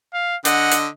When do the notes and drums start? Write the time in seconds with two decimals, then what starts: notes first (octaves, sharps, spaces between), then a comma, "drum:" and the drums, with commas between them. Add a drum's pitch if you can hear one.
0.14 F5
0.45 D3 D#5 F#5, drum: hi-hat
0.72 drum: hi-hat